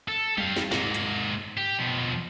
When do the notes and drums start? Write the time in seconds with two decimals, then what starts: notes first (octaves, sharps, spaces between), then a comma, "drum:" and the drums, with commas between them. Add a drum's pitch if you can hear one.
0.08 A4
0.38 G4 F5, drum: tom F#3
0.56 drum: snare
0.72 G#2 A#3, drum: snare
0.94 drum: hi-hat
1.57 G4
1.79 B2 F3